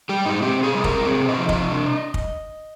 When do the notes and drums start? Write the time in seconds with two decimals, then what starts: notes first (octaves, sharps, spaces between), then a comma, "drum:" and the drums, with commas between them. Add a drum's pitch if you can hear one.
0.09 G3 G4
0.25 G#2 D#4
0.42 C4 G4
0.58 C3
0.63 G#4
0.74 G3
0.84 A#4, drum: kick
0.90 C3
1.06 C4 G#4
1.22 C3
1.28 D#5
1.38 F3
1.49 D#5, drum: kick
1.55 C3
1.72 D4
2.14 drum: kick